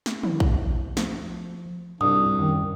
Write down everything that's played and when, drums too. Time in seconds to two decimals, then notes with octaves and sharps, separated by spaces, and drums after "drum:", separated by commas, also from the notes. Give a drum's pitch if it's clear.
0.06 drum: snare
0.23 E4, drum: tom
0.40 drum: kick A#1
0.97 F3, drum: snare
2.01 C2 G#2 D4 D#6
2.39 F#2 D#3